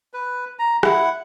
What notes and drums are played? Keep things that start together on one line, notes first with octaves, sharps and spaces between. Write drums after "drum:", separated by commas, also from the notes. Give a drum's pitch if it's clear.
B4
A#5
E4 F#5, drum: rim click